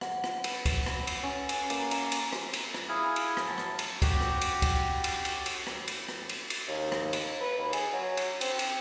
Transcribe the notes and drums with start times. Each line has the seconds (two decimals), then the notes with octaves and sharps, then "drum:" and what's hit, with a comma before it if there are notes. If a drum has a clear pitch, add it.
0.01 F#5, drum: rim click
0.24 drum: rim click
0.44 B4, drum: cymbal
0.66 drum: kick, cymbal
0.86 drum: rim click
1.07 drum: cymbal
1.23 C#4
1.49 drum: cymbal
1.70 A#3, drum: cymbal
1.91 A#5, drum: cymbal
2.12 drum: cymbal
2.33 drum: rim click
2.53 drum: cymbal
2.74 drum: rim click
2.89 E4 G#4 F5 G#5
3.16 drum: cymbal
3.37 drum: rim click
3.47 F#3 A5
3.58 drum: rim click
3.79 drum: cymbal
4.02 F#4 G4 F#5, drum: kick, cymbal
4.21 drum: rim click
4.41 drum: cymbal
4.62 drum: kick, cymbal
5.04 drum: cymbal
5.25 drum: cymbal
5.46 drum: cymbal
5.67 drum: rim click
5.88 drum: cymbal
6.08 drum: rim click
6.29 drum: cymbal
6.50 drum: cymbal
6.68 D#2
6.92 drum: rim click
7.13 drum: cymbal
7.41 B4
7.58 D#2
7.73 G#4, drum: cymbal
7.93 F#3
8.17 drum: cymbal
8.41 C4, drum: cymbal
8.59 drum: cymbal